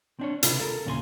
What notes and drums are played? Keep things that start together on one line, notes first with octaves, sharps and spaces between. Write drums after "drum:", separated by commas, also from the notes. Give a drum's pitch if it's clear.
C4 D4 C#5
C#2 C3 F4 B4, drum: hi-hat
A4 A#4
D#2 A#2 C#3 E4 G#5 C6